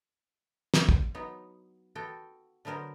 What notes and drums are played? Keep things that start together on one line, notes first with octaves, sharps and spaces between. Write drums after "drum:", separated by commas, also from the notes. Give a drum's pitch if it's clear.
drum: snare
drum: kick
F#3 B3 D#4
B3 F#4 A4 G5
D3 F#3 B3 A#4 C5